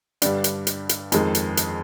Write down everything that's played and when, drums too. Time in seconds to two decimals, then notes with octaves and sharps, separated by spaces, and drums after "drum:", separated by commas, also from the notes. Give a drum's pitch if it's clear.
0.22 G2 D3 G3 D4, drum: hi-hat
0.44 drum: hi-hat
0.67 drum: hi-hat
0.89 drum: hi-hat
1.12 F2 D#3 G#3, drum: hi-hat
1.35 drum: hi-hat
1.57 drum: hi-hat